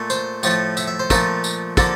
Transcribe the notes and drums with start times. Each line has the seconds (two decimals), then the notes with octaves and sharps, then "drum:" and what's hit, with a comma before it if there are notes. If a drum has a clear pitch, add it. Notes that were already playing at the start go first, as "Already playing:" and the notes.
Already playing: A#2 A3
0.10 C5, drum: tambourine
0.43 A2 F3 A3, drum: tambourine
0.77 E5, drum: tambourine
0.87 E5
1.00 C5
1.10 A#2 F3 A3 A#4, drum: kick, tambourine
1.44 drum: tambourine
1.77 D3 F3 A#3 A4, drum: kick, tambourine